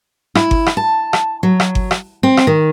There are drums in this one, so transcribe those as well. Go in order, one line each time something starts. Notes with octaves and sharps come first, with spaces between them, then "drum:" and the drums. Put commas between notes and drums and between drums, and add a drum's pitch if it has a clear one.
E4, drum: rim click
drum: kick G1
drum: rim click
A5
drum: rim click
F#3
drum: rim click
drum: kick G1
drum: rim click
C4
drum: rim click
D#3